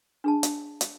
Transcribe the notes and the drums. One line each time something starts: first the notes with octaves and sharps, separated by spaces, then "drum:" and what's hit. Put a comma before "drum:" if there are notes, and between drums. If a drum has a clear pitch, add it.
D4 G#4 A5
drum: hi-hat
drum: hi-hat